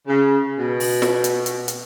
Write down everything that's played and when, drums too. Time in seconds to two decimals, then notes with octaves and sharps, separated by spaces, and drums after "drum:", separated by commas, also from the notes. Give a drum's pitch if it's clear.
0.07 C#3
0.58 B2
0.80 drum: open hi-hat
1.02 drum: snare
1.24 drum: hi-hat
1.46 drum: hi-hat
1.68 drum: hi-hat